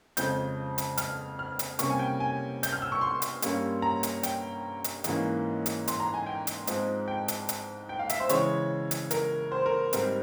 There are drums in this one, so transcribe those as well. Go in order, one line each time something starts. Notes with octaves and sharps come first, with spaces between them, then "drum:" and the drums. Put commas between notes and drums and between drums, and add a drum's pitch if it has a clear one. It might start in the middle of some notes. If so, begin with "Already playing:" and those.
F2 C#3 F3 G#3 G6, drum: hi-hat
drum: hi-hat
F6, drum: hi-hat
F6
drum: hi-hat
C3 G3 A#3 C#4 C#6, drum: hi-hat
G#5
G5
G#5
G6, drum: hi-hat
F6
E6
C#6
C6
drum: hi-hat
G2 G3 A#3 C#4, drum: hi-hat
A#5
drum: hi-hat
G5, drum: hi-hat
drum: hi-hat
G#2 E3 A#3 C#4, drum: hi-hat
drum: hi-hat
C6, drum: hi-hat
A#5
G#5
G5
drum: hi-hat
G#2 F3 G#3 C4, drum: hi-hat
G5
drum: hi-hat
drum: hi-hat
G5
F5
E5, drum: hi-hat
C5
C#3 E3 G#3 C#5, drum: hi-hat
drum: hi-hat
A#4, drum: hi-hat
C5
A#4
G#2 G3 C4 A#4, drum: hi-hat